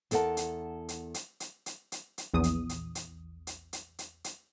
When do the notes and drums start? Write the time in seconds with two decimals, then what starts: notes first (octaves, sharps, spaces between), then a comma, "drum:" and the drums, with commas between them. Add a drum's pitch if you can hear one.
0.11 E2 A4 A#4 C#5 F#5 A5, drum: hi-hat
0.37 drum: hi-hat
0.89 drum: hi-hat
1.14 drum: hi-hat
1.40 drum: hi-hat
1.66 drum: hi-hat
1.92 drum: hi-hat
2.18 drum: hi-hat
2.34 A#1 E2 D#6
2.44 drum: hi-hat
2.69 drum: hi-hat
2.95 drum: hi-hat
3.47 drum: hi-hat
3.73 drum: hi-hat
3.99 drum: hi-hat
4.24 drum: hi-hat